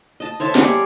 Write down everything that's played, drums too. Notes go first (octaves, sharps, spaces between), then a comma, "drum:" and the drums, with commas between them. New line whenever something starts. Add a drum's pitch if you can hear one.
D#5 A5
C5 C#5 E5 A5
G3 G#4 D#5 C#6, drum: snare